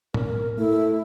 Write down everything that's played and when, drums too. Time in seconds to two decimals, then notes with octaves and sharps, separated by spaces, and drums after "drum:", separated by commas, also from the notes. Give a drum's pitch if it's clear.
0.14 A#4, drum: tom A2
0.58 A3 E4